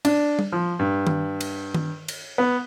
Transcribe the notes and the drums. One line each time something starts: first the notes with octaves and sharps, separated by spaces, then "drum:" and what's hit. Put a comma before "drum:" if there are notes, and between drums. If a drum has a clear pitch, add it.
D4, drum: cymbal
drum: tom G3
F3
G2
drum: tom D#3
drum: cymbal
drum: tom D#3
drum: cymbal
B3